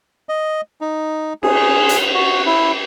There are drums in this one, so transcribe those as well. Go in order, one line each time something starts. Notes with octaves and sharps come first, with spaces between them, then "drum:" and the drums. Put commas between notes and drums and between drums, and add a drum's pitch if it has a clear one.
D#5
D#4
G#4, drum: cymbal
drum: hi-hat
F#4
E4